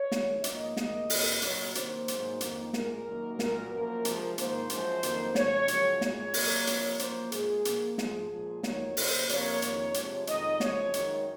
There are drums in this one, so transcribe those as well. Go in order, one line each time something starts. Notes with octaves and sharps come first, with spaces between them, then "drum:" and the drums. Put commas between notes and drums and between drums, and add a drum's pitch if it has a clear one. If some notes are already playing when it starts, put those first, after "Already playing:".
Already playing: C#5
F#2 D#3 G#3, drum: snare
G#2 F3 A#3 D#5, drum: hi-hat
G#2 D#3 A#3, drum: snare
F2 C3 F3 A#3, drum: open hi-hat
A#2 F#3 A#3 C#5, drum: hi-hat
C3 D#3 A#3 C5, drum: hi-hat
G#2 F#3 A#3, drum: hi-hat
F2 D#3 A#3, drum: hi-hat
A#2 G#3 A#4, drum: snare
F#2 D#3 F#3 A#3
A#2 F#3 A#3 A#4, drum: snare
F#2 F3 A#3 A#4
C3 F3 G#3, drum: hi-hat
G#2 D#3 A#3 C5, drum: hi-hat
F#2 F3 G#3, drum: hi-hat
F2 D#3 F#3 A#3, drum: hi-hat
F2 C#3 F3 C#5, drum: snare
F#2 C#3 F3 G#3, drum: hi-hat
A#2 G#3 C#5, drum: snare
C3 F#3 A#3, drum: open hi-hat
C3 F3 A#3, drum: hi-hat
F#2 F3 A#3 C5, drum: hi-hat
A#2 G#3 G#4, drum: hi-hat
A#2 F3 A#3, drum: hi-hat
G#2 F3 G#3 G#4, drum: snare
A#2 F3 G#3
F2 D#3 F#3 A#3 C#5, drum: snare
F#2 C#3 F#3 A#3 C5, drum: open hi-hat
F2 C3 F3 A#3 C#5, drum: hi-hat
F2 C3 D#3 A#3, drum: hi-hat
C3 F3 G#3, drum: hi-hat
F2 D#3 G#3 D#5, drum: hi-hat
F#2 C#3 F3 C#5, drum: snare
F#2 D#3 G#3, drum: hi-hat